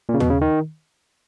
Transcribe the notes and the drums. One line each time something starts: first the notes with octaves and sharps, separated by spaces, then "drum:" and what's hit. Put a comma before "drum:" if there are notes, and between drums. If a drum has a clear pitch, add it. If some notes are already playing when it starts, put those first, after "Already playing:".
A#2
C#3
B2, drum: tom D#2
C#3
D#3